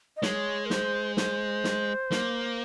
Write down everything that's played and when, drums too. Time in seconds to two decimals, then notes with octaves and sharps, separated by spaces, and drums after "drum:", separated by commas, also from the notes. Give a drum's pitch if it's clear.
0.17 D#5
0.22 G#3 C#5, drum: snare
0.66 A#4
0.70 C5, drum: snare
1.17 C5, drum: snare
1.64 drum: snare
2.11 A#3, drum: snare